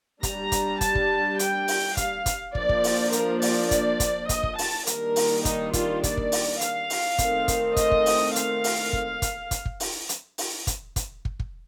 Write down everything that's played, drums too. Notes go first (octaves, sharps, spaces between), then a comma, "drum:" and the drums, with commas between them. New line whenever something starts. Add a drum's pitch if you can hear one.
G3 D4 A#5, drum: kick, hi-hat
drum: kick, hi-hat
A5, drum: kick, hi-hat
drum: kick
G5, drum: hi-hat
drum: open hi-hat
F5, drum: kick, hi-hat
drum: kick, hi-hat
F3 A#3 D4 D5, drum: kick
drum: kick
drum: open hi-hat
A#4, drum: hi-hat
D5, drum: open hi-hat
D5, drum: kick, hi-hat
drum: kick, hi-hat
D#5, drum: kick, hi-hat
drum: kick
A5, drum: open hi-hat
D#3 G3 A#3 D4 A#4, drum: hi-hat
drum: open hi-hat
D#4, drum: kick, hi-hat
F4, drum: kick, hi-hat
D5, drum: kick, hi-hat
drum: kick
drum: open hi-hat
F5, drum: hi-hat
drum: open hi-hat
D#3 A3 C4, drum: kick, hi-hat
drum: kick, hi-hat
D#5, drum: kick, hi-hat
drum: kick
drum: open hi-hat
F5, drum: hi-hat
drum: open hi-hat
drum: kick
drum: kick, hi-hat
drum: kick, hi-hat
drum: kick
drum: open hi-hat
drum: hi-hat
drum: open hi-hat
drum: kick, hi-hat
drum: kick, hi-hat
drum: kick
drum: kick